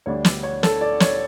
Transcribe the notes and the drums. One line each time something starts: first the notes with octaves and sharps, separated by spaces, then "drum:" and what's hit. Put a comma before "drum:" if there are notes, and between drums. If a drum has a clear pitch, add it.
D2 D3 G3 D4 C#5
D5, drum: snare
C#5
A4, drum: snare
D5
C#5, drum: snare